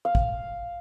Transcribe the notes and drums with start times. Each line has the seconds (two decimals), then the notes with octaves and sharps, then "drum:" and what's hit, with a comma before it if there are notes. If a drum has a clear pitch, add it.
0.05 F5
0.15 drum: kick